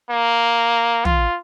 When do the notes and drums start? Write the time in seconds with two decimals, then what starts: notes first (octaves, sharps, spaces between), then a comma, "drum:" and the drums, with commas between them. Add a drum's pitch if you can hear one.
0.11 A#3
1.05 F4, drum: tom